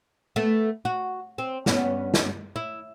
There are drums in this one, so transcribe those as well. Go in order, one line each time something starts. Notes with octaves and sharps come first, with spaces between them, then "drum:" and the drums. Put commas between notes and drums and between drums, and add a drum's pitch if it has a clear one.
A3 B3
F#4
C4
G2 B3 C#4, drum: snare
drum: snare
E4